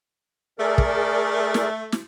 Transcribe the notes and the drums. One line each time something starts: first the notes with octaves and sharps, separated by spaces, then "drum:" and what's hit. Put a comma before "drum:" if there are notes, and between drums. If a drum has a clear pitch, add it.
A3 G#4 A#4 D5
drum: kick
drum: snare
drum: snare